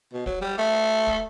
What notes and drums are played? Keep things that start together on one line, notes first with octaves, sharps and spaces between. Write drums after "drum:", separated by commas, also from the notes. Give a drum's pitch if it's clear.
B2
F#3, drum: kick
G3
A3
drum: kick